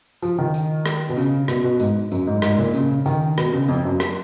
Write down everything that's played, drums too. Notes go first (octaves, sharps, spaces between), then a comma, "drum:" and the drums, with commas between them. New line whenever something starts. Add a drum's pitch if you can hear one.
F3, drum: tambourine
D#3
drum: tambourine
drum: rim click
B2
C#3, drum: tambourine
B2, drum: rim click
B2
G#2, drum: tambourine
F#2, drum: tambourine
G#2
G#2, drum: rim click
A#2
C#3, drum: tambourine
D#3, drum: tambourine
B2, drum: rim click
C#3
F2, drum: tambourine
F#2
drum: rim click